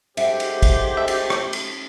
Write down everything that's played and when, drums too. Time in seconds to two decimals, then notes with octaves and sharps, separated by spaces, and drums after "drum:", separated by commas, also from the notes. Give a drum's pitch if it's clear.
0.17 G#2 G4 A4 C5 E5 F#5 G5, drum: cymbal
0.40 drum: cymbal
0.62 drum: kick, cymbal
0.97 A3 E5
1.08 drum: cymbal
1.30 drum: rim click
1.53 drum: cymbal